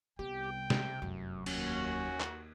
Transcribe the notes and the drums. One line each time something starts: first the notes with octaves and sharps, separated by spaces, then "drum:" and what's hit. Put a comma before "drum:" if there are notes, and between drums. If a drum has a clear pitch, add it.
C2 B3 G4 G5
C3, drum: snare
F1 F#2 F#3
D#2 C#4 F#4, drum: cymbal
drum: clap